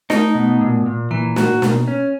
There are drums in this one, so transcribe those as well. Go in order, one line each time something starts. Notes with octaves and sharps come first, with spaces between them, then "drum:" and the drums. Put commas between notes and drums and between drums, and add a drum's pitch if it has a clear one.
A3 D#4, drum: snare
B2
A#2
A#2
E3 A#3
F#4, drum: snare
B2, drum: snare
C#4